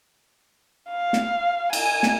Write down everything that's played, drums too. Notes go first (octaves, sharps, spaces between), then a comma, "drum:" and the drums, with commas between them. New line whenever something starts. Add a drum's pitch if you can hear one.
F5
drum: snare
G#5, drum: cymbal
drum: snare